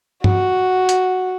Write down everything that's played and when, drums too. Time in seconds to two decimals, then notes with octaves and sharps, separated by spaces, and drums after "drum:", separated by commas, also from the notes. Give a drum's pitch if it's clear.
0.24 F#4, drum: tom G2
0.89 drum: hi-hat